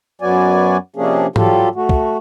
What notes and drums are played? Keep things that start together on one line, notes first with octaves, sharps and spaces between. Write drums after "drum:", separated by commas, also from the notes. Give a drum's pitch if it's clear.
F#2 F#3 B3 F#4 D5 G#5
C3 F3 A#3 C#4 D4 G#4
F#3 G3 F4 G4 A4, drum: tom G#2
A3 F#4
drum: kick